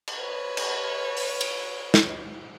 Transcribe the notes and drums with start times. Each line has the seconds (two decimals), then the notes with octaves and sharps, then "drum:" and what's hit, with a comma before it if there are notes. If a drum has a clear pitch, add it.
0.08 drum: cymbal
0.17 B4 C#5
0.57 drum: cymbal
1.17 drum: open hi-hat
1.41 drum: cymbal
1.94 drum: snare